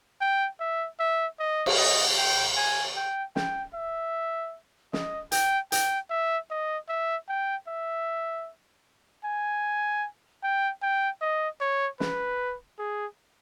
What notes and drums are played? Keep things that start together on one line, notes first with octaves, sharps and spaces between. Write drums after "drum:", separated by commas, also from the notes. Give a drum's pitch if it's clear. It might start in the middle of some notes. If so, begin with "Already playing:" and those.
G5
E5
E5
D#5
drum: cymbal
D#5
G5
G#5
G5
G5, drum: snare
E5
D#5, drum: snare
G5, drum: hi-hat
G5, drum: hi-hat
E5
D#5
E5
G5
E5
G#5
G5
G5
D#5
C#5
B4, drum: snare
G#4